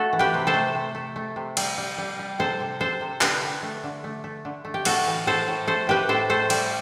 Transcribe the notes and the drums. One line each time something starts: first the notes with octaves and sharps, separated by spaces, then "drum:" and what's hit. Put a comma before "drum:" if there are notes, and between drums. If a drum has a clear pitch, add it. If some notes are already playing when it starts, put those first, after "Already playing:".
Already playing: A3 F#4 A4
E3
G4 B4
C3
A4 C5
A3
C3
A3
A3
C3
G3, drum: cymbal
G3
G3
G3
C3 A4 C5
C3
C3 A4 C5
C3
D3 G4 B4, drum: clap
D3
A3
D3
A3
A3
D3
A3
G4
A2 F#4 A4, drum: cymbal
E3
A2 A4 C5
A2
A3 A4 C5
A2 G4 B4
A2 A4 C5
A3 A4 C5
G3, drum: cymbal